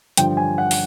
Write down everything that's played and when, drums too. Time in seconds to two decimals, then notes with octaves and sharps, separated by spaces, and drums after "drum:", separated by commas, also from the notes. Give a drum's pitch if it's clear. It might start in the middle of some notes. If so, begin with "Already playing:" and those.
0.17 G2 D3 F3 G5, drum: hi-hat
0.37 G#5
0.58 F#5
0.71 drum: open hi-hat